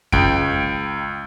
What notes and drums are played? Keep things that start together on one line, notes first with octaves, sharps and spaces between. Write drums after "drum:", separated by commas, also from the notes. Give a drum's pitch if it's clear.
C#2 G5 D7, drum: kick F2